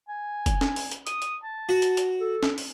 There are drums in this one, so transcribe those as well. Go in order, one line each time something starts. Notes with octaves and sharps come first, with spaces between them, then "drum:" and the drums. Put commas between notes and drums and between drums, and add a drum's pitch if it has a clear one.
G#5
drum: kick F1, hi-hat
drum: snare C#4
drum: open hi-hat
drum: hi-hat
D#6, drum: hi-hat
drum: hi-hat
A5
F#4
drum: hi-hat
drum: hi-hat
A4
drum: snare C#4
drum: open hi-hat